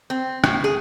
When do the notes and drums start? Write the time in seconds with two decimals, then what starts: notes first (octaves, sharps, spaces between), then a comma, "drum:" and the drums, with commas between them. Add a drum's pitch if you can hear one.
0.10 C4
0.44 A2, drum: rim click
0.64 G#4